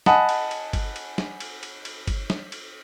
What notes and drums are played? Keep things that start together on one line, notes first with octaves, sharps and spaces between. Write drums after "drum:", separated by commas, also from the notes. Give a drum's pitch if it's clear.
D#5 F#5 G#5 A5 B5 D#6, drum: snare
drum: cymbal
drum: cymbal
drum: kick G1, cymbal
drum: cymbal
drum: snare
drum: cymbal
drum: cymbal
drum: cymbal
drum: kick G1, cymbal
drum: snare
drum: cymbal